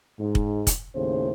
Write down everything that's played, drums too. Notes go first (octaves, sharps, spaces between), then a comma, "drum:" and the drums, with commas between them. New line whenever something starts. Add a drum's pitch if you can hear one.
G#2
drum: kick
drum: kick, hi-hat
D#2 A2 C#3 C5